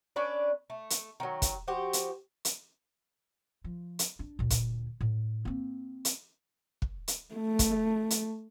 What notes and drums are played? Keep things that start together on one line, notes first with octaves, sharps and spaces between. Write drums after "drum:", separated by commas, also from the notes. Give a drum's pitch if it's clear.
C#4 D4 B4 D5
A3
drum: hi-hat
D#3 F#3
drum: kick, hi-hat
F3 F#4 G4 C5
drum: hi-hat
drum: hi-hat
F3
drum: hi-hat
D4
D2 A#2
drum: kick, hi-hat
A2
A#3 C4
drum: hi-hat
drum: kick
drum: hi-hat
A3
drum: kick, hi-hat
drum: hi-hat